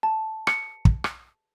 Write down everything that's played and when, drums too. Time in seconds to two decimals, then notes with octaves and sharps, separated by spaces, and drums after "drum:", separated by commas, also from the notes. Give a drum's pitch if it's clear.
0.03 A5
0.47 C#7, drum: rim click
0.85 drum: kick
1.04 drum: rim click